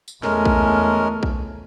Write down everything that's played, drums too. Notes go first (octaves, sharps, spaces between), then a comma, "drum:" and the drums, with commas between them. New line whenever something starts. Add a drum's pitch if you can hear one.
drum: tambourine
E2 G#3 A3 C#4 A#4, drum: snare
drum: kick A#1
drum: kick A#1